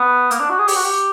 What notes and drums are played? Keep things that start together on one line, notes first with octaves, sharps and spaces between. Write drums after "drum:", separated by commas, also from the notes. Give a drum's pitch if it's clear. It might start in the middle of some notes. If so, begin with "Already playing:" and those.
Already playing: B3
A#3, drum: hi-hat
D4
F#4
G#4
G4, drum: open hi-hat
F#4
G4